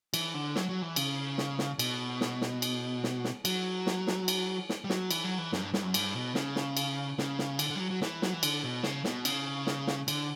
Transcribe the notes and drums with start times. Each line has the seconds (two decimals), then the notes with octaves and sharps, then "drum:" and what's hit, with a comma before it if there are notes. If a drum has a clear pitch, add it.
0.14 E3, drum: cymbal
0.34 D3
0.55 F#3, drum: snare
0.69 F#3
0.82 E3
0.96 C#3, drum: cymbal
1.38 drum: snare
1.59 drum: snare
1.79 B2, drum: cymbal
2.21 drum: snare
2.42 drum: snare
2.62 drum: cymbal
3.04 drum: snare
3.24 drum: snare
3.45 F#3, drum: cymbal
3.87 drum: snare
4.07 drum: snare
4.28 drum: cymbal
4.69 drum: snare
4.84 G3
4.90 F#3, drum: snare
5.11 E3, drum: cymbal
5.24 F#3
5.38 E3
5.52 F#2, drum: snare
5.62 G2
5.74 G2, drum: snare
5.83 F#2
5.94 G2, drum: cymbal
6.15 B2
6.35 C#3, drum: snare
6.56 drum: snare
6.77 drum: cymbal
7.18 C#3, drum: snare
7.39 drum: snare
7.59 D3, drum: cymbal
7.70 D3
7.75 G3
7.80 F#3
7.90 F#3
8.01 E3, drum: snare
8.22 F#3, drum: snare
8.33 E3
8.43 D3, drum: cymbal
8.64 B2
8.83 C#3, drum: snare
9.04 B2, drum: snare
9.25 C#3, drum: cymbal
9.67 drum: snare
9.87 drum: snare
10.08 D3, drum: cymbal